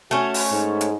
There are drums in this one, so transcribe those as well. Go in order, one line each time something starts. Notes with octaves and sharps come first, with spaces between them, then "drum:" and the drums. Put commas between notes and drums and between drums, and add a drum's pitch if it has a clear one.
A3 C#4 F#4
drum: open hi-hat
G#2
drum: hi-hat